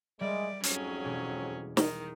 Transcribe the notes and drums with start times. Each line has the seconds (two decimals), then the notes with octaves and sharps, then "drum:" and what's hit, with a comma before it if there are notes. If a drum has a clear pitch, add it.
0.21 G3 G#3 A#4 D5 E5
0.64 F2 G#2 F#3 C#4 G#4, drum: hi-hat
1.04 E1 G4
1.77 D#3, drum: snare